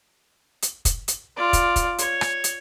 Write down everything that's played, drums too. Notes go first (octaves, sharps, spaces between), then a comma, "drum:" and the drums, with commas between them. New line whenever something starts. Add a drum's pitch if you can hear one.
drum: hi-hat
drum: kick, hi-hat
drum: hi-hat
F4 D5
drum: kick, hi-hat
drum: kick, hi-hat
C#5, drum: hi-hat
drum: rim click
drum: hi-hat